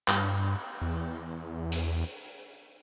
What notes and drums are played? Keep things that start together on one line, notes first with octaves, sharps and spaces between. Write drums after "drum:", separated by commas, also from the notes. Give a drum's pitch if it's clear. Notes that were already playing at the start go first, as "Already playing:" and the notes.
G2, drum: clap
E2
drum: hi-hat